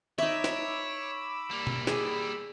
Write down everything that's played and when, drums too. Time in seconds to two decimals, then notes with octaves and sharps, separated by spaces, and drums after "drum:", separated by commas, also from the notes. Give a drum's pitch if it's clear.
0.18 D#4 C#5 E5 B5 D6 E6
0.44 drum: snare
1.51 G3 A#3
1.67 drum: tom B2
1.87 G#4, drum: snare